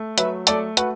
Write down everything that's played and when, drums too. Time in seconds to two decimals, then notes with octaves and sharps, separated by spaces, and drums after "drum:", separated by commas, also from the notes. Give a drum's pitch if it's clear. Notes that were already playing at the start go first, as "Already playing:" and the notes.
Already playing: A3
0.18 F#3 B4 E5, drum: hi-hat
0.47 A3 A4 D5, drum: hi-hat
0.77 A3 F#4 B4, drum: hi-hat